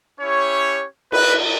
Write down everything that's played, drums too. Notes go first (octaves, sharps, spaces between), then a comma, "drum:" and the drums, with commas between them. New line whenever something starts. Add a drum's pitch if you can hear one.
C#4 E4 G4 C#5
B4, drum: cymbal